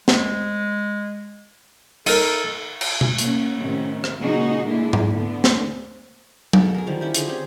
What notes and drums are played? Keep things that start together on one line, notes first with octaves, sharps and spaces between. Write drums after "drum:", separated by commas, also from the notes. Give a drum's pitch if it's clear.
G#3, drum: snare
D#4 A4 A#4, drum: cymbal
drum: cymbal
drum: tom B2
A#3 C#4, drum: hi-hat
A2 C3 D#3 C#4
drum: rim click
A#2 C#3 G#3 D#4 F#4 G#4
D3 G#3 A#3 D4 E4
drum: tom G#2
D3 A3 B3 D4
drum: snare
B2 G#3 A4, drum: tom F#3
G#4 A#4
D3 D#3 F3 G3
C#4 E4 G4
D3 D4 F4 G#4, drum: hi-hat
C4 C#4 G4 G#4